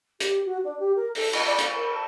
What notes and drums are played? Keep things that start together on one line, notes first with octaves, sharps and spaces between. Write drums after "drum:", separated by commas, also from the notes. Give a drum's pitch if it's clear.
G4, drum: hi-hat
F#4
D4
G4
A#4
A4, drum: open hi-hat
D#5, drum: cymbal
D5
F5, drum: hi-hat
A#4
A5